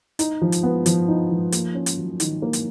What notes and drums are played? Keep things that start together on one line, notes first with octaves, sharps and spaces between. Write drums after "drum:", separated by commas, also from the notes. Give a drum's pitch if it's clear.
D#4, drum: hi-hat
F3
drum: hi-hat
B3
F3, drum: hi-hat
D#4
F3
A#3, drum: hi-hat
C#4
drum: hi-hat
F#3
D#3, drum: hi-hat
A#3
drum: hi-hat